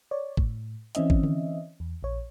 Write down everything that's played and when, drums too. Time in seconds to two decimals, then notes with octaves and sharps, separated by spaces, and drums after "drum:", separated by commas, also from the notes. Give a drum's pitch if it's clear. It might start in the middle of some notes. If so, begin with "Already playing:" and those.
0.11 C#5 D5
0.37 A2, drum: kick G#1
0.95 E3 C4 C#4 D#5 E5, drum: hi-hat
1.10 drum: kick G#1
1.23 drum: tom D3
1.80 E2
2.03 A#1 C#5